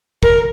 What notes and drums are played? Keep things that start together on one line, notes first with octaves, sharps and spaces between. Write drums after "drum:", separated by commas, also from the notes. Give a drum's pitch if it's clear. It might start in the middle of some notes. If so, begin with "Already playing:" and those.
A#4, drum: kick